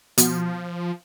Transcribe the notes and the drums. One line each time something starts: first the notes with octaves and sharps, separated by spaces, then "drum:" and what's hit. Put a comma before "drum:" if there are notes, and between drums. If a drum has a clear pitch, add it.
B2 F3, drum: hi-hat